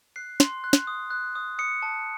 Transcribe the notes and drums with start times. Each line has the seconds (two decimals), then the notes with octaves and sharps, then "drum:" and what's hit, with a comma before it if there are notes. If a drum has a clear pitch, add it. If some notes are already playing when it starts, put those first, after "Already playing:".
0.16 F#6 C7
0.40 C6, drum: snare
0.64 F#6
0.73 drum: snare
0.87 D#6
1.11 F#6
1.35 D#6
1.59 D#6 C#7
1.82 A5